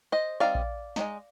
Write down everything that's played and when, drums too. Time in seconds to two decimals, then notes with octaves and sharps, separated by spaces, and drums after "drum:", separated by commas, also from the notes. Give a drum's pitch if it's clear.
0.12 C5 D#5
0.40 G3 C4 D#4 D5 F5
0.55 drum: kick A#1
0.96 G#3 C4 D#4, drum: snare